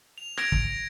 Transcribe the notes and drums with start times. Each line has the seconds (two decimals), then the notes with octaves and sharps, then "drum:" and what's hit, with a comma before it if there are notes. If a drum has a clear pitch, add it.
0.18 F7
0.37 G#6 A#6 D7 F7, drum: rim click
0.52 drum: kick